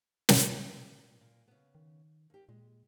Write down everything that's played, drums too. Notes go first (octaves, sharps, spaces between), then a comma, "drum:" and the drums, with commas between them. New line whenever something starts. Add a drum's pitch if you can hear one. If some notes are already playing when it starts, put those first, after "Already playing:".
drum: snare
A#2 A#3
A#2
C#3 B3
D#3
D#2 G4
A#2 G#3